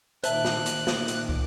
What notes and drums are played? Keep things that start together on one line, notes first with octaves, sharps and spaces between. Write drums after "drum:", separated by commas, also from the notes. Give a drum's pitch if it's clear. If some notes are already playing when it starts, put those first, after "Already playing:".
A#2 D#3 C5 E5 A5 D6 F#6, drum: hi-hat
drum: snare
drum: hi-hat
drum: snare
drum: hi-hat
drum: kick